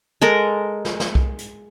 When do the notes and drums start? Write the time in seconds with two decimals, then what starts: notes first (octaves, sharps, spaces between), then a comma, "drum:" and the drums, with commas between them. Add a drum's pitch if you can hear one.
0.22 G#3 A4 A#4 A#5
0.85 drum: snare
1.00 drum: snare
1.15 drum: kick B1
1.38 drum: hi-hat